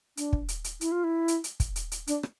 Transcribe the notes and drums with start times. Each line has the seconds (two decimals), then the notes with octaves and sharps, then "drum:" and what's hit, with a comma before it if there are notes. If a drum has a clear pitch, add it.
0.17 D4, drum: hi-hat
0.33 drum: kick
0.49 drum: hi-hat
0.64 drum: hi-hat
0.81 E4, drum: hi-hat
0.92 F4
1.04 E4
1.28 drum: hi-hat
1.44 drum: hi-hat
1.60 drum: kick, hi-hat
1.76 drum: hi-hat
1.92 drum: hi-hat
2.07 D4, drum: hi-hat
2.23 drum: rim click